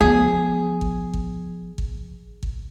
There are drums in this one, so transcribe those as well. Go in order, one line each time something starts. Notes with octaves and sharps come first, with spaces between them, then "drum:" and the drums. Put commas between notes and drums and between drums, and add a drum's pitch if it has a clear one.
F3 B3 G#4
drum: kick
drum: kick
drum: kick
drum: kick